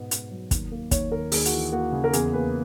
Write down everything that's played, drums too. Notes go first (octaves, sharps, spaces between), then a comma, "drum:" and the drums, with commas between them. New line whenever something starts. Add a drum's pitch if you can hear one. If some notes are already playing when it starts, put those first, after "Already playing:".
Already playing: G#2 B2 B3
G#2, drum: hi-hat
F#3
D#2, drum: kick, hi-hat
A#3
D#2 C#5, drum: kick, hi-hat
D#3 A#4
D#2 G#4, drum: open hi-hat
F#4, drum: hi-hat
E3
A#3 F#4
C#3
A#4
E2 G#4, drum: hi-hat
A#3 B4